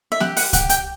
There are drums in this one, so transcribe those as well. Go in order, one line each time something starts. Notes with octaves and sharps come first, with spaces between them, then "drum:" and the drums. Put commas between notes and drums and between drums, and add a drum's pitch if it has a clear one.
E5
G4 F#5, drum: snare
F#5, drum: open hi-hat
G4 F#5, drum: kick C2, hi-hat
G5, drum: hi-hat